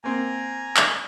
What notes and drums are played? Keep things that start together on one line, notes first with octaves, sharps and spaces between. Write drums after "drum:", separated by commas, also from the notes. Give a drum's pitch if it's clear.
A#3 C4 G#5 A#5
drum: clap